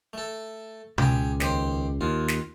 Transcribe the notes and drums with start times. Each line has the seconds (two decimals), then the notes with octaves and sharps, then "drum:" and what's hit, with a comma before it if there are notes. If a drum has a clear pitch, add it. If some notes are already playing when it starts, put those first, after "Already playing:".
0.13 A3 A4
0.98 C#2 G4 G#4, drum: tom B2
1.40 D#2 G4 C5, drum: snare
2.01 D#2 F4
2.28 drum: snare